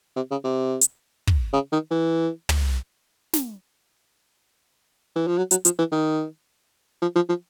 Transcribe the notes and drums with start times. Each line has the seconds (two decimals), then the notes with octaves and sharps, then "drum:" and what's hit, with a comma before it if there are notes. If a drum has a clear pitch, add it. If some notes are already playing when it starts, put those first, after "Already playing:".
0.16 C3
0.31 C#3
0.44 C3
0.81 drum: hi-hat
1.27 drum: kick
1.53 C#3
1.72 D#3
1.91 E3
2.49 drum: tom
3.33 drum: snare
5.15 E3
5.27 F3
5.38 F#3
5.51 F#3, drum: hi-hat
5.65 F3, drum: hi-hat
5.78 E3
5.92 D#3
7.02 F3
7.15 F3
7.29 F3